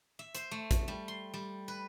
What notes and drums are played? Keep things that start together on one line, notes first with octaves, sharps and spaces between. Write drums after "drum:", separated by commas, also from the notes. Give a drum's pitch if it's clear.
E5
C5, drum: hi-hat
A3
drum: kick, hi-hat
G3
C6
G3
B4